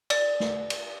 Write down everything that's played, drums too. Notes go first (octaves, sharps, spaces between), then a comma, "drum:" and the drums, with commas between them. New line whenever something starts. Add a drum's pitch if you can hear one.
D5, drum: cymbal
drum: snare
drum: cymbal